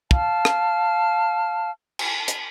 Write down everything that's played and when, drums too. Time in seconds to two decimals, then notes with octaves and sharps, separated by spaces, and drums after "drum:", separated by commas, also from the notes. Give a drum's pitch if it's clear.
0.11 F5 A5 F6, drum: kick
0.45 drum: rim click
1.99 drum: cymbal
2.28 drum: hi-hat